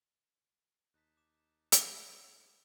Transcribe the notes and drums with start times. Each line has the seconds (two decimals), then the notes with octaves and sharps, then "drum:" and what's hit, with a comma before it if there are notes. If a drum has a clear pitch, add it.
0.94 D#2 D#4 A5 F#6 B6
1.17 D6 E7
1.72 drum: hi-hat